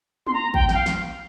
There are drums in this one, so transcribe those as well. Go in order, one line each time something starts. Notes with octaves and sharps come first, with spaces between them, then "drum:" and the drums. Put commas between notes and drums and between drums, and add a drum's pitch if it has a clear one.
C6, drum: tom
A#5
G5, drum: kick
G5, drum: snare
F5
drum: snare